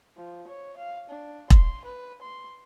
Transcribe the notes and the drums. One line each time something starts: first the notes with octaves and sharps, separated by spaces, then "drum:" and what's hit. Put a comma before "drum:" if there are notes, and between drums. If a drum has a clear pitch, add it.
F3
C#5
F5
D4
C6, drum: kick E1
B4
C6